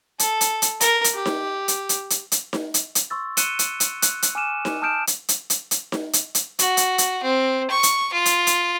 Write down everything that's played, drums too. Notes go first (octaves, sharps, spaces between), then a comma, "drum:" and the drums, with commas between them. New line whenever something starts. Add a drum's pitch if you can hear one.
A4, drum: hi-hat
drum: hi-hat
drum: hi-hat
A#4, drum: hi-hat
drum: hi-hat
G4
drum: snare D#4
drum: hi-hat
drum: hi-hat
drum: hi-hat
drum: hi-hat
drum: snare D#4
drum: hi-hat
drum: hi-hat
C6 C#6 E6 A6
F#6 C#7 D#7 E7 G7, drum: hi-hat
drum: hi-hat
drum: hi-hat
F#6, drum: hi-hat
drum: hi-hat
G#5 D6 F6 D#7 E7
drum: snare D#4
A5 D#6 F6 G6 D7 E7
drum: hi-hat
drum: hi-hat
drum: hi-hat
drum: hi-hat
drum: snare D#4
drum: hi-hat
drum: hi-hat
F#4, drum: hi-hat
drum: hi-hat
drum: hi-hat
C4
C#6
drum: hi-hat
F4
drum: hi-hat
drum: hi-hat